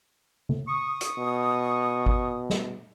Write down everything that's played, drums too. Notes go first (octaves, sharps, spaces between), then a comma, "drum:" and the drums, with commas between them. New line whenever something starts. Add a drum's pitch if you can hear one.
drum: tom C#3
C#6 D#6
drum: hi-hat
B2
drum: kick G#1
drum: snare